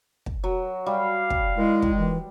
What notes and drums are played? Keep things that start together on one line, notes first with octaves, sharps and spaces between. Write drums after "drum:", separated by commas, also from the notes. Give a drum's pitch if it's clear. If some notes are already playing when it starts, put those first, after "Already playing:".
drum: kick
F#3
G3 F5
drum: kick
D#3 G#3 E4
drum: kick
E3